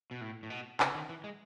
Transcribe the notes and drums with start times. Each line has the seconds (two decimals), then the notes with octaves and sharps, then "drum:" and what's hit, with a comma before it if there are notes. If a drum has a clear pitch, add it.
0.11 B2
0.21 A2
0.43 A2
0.50 B2
0.80 C#3, drum: clap
0.95 D#3
1.09 E3
1.24 G#3